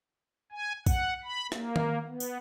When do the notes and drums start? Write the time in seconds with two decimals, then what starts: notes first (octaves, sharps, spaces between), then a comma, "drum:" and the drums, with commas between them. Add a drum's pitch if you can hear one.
0.52 G#5
0.87 F#5, drum: kick, tambourine
1.24 B5
1.52 A#3, drum: rim click
1.76 drum: tom D#3
2.07 B3
2.20 drum: tambourine